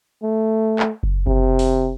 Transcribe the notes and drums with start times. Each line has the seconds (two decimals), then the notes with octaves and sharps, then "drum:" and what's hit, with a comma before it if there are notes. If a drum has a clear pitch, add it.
0.22 A3
0.79 drum: clap
1.03 drum: kick F#1
1.27 C3, drum: kick F#1
1.59 drum: open hi-hat